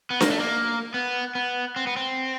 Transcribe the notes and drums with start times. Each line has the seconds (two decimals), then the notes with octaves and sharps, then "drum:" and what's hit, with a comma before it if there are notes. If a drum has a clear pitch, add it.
0.10 B3
0.21 A#3, drum: snare D4
0.30 A3
0.40 A#3
0.94 B3
1.35 B3
1.76 C4
1.87 B3
1.96 C4